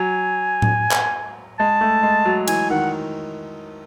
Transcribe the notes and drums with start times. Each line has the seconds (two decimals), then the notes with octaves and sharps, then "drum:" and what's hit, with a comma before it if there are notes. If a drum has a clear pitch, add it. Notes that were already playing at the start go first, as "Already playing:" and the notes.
Already playing: F#3 G#5
0.62 drum: tom A2
0.91 drum: clap
1.59 G#3 A5
1.81 A3
2.03 G#3
2.25 F#3
2.48 E3 G#5, drum: cymbal
2.70 D#3 F#5